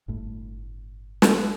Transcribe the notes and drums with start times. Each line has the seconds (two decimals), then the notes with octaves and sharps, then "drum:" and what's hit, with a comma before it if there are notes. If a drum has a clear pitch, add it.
0.08 G1 A2
1.22 drum: snare